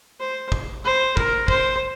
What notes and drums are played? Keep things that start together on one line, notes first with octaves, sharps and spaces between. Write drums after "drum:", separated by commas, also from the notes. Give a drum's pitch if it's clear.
C5
drum: kick
C5
A#4, drum: kick
C5, drum: kick